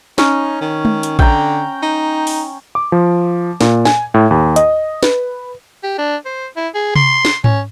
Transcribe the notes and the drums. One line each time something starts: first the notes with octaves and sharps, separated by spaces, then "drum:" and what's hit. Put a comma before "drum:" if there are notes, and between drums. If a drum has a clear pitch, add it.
C#4 D#4, drum: snare
D#3
drum: tom G#3
drum: hi-hat
D3 G5 A#5, drum: kick A1
D#4
drum: open hi-hat
D6
F3
A#2, drum: snare
G#5, drum: snare
A2
D#2
D#5, drum: hi-hat
B4, drum: snare
G4
D4
C5
E4
G#4
C6, drum: tom C3
drum: snare
C#4, drum: tom G#2